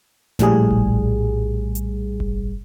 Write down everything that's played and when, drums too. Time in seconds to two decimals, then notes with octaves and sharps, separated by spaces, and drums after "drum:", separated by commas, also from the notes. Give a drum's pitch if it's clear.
0.39 A#1 A2 G3 G#4, drum: snare
0.71 drum: kick F#1
1.75 drum: hi-hat
2.20 drum: kick F#1